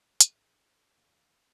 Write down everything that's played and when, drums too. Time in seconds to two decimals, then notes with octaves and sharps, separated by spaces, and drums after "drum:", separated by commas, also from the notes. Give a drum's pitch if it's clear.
0.21 A#1 A2 D3 F3 G#4 E5 D#6, drum: hi-hat
0.95 F2 C#3 E3 A#3